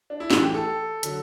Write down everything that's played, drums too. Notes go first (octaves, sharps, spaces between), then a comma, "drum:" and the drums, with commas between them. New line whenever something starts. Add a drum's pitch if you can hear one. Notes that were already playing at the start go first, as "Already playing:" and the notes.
D4
E4
A2 E3 F#4, drum: snare
G4
A4
D3 F#3, drum: hi-hat